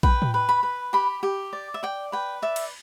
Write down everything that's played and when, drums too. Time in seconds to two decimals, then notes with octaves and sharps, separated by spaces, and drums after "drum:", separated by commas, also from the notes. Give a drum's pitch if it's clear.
0.03 B4 G5, drum: kick A#1
0.22 drum: tom A2
0.34 B4
0.49 B5
0.63 B4
0.93 G4 B5
1.23 G4
1.53 D5
1.74 E5
1.83 D5 G5
2.12 B4 G5
2.42 D5 E5
2.56 drum: cymbal